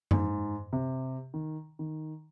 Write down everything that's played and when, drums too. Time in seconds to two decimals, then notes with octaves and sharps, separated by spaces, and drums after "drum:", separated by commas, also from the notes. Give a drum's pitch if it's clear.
0.11 G#2, drum: tom F#2
0.73 C3
1.34 D#3
1.79 D#3